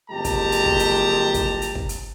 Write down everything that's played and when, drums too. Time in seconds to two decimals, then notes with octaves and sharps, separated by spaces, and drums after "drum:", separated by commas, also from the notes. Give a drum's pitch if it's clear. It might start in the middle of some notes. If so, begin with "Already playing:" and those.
0.11 F#1 F2 G#3 G4 A5 A#5
0.24 drum: kick, hi-hat
0.52 drum: hi-hat
0.66 drum: kick
0.79 drum: hi-hat
1.34 drum: kick, hi-hat
1.62 drum: hi-hat
1.75 drum: kick
1.89 drum: hi-hat